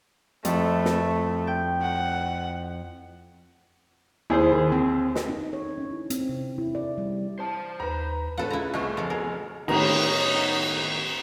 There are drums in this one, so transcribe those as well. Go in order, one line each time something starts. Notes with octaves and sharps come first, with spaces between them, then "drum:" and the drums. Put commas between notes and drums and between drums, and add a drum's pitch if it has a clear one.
F2 A3 E4 E5, drum: hi-hat
drum: snare
G5
F#5
D#2 E4 G#4 C5
D#3
C4
drum: snare
D#4
C#5
C#4
E4
C4, drum: hi-hat
C3
E4
D5
G3
C5 A5
D#2 B4 A#5
E1 A2 F4 A4 B4 F#5
C#2 E4 A#5
C2 C#3 G#3 A3 C#6
F1 F3 A4
B2 G#4 A#4
A2 D#3 F#3 B3 D#4 A#5, drum: cymbal